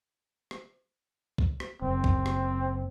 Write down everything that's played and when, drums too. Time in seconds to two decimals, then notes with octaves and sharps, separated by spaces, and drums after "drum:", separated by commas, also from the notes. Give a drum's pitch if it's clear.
0.51 drum: rim click
1.38 drum: kick
1.60 drum: rim click
1.82 F#1 C4
2.04 drum: kick
2.26 drum: rim click